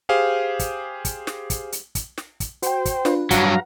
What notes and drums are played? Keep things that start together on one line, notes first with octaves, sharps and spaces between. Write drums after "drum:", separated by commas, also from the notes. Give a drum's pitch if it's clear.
G4 G#4 C5 F5
drum: kick, hi-hat
drum: kick, hi-hat
drum: snare
drum: kick, hi-hat
drum: hi-hat
drum: kick, hi-hat
drum: snare
drum: kick, hi-hat
F#4 C5 G5, drum: hi-hat
drum: kick, hi-hat
D4 F4 B4, drum: snare
G2 F#3 F#4 F5 F#5 A#5, drum: kick, hi-hat